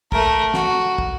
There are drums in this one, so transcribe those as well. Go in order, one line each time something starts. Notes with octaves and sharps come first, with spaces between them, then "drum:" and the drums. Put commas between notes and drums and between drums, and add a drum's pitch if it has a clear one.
A3 A#4, drum: kick
F#4, drum: snare
drum: kick